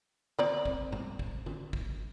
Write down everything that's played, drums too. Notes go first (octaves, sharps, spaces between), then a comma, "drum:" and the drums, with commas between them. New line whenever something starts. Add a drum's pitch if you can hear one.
C4 D5 A#5, drum: tom D3
drum: kick
drum: tom A2
drum: kick
drum: tom D3
drum: kick